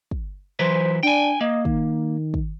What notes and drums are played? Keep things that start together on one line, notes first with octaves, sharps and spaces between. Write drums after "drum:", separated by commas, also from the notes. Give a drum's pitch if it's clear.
drum: kick
E3 F#3 B4 C5
D4 G5 G#5
A#3 D#5
D#3, drum: kick
drum: kick